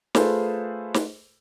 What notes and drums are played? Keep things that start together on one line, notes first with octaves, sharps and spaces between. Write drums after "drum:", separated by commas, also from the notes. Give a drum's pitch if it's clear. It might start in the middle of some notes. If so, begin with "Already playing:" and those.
A3 F4 G#4 A4 B4 C5, drum: snare
drum: snare